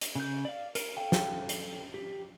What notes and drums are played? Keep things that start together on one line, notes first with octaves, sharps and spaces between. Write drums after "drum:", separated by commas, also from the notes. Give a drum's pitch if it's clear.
drum: hi-hat
C#3 G6
D5 F5
A#4, drum: hi-hat
A4 F5 G5
drum: snare
drum: hi-hat
G4